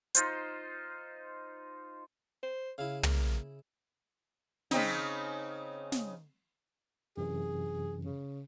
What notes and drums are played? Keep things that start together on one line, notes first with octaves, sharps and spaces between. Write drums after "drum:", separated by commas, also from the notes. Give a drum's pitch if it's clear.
D#4 F4 C5, drum: hi-hat
C5
C#3 E4 F5
A#3, drum: tom
C#3 C4 D#4, drum: snare
drum: snare
F#2 C3 E3 G#4
C#3